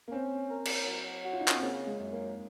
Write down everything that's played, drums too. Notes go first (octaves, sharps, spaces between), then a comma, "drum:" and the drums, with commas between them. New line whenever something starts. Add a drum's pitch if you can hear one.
A#3
C4 C#4
A#4
drum: cymbal
F#3
F#4
F4
D#4
C#4, drum: clap
C4
C#3 A#3
G#3
F#2
A#3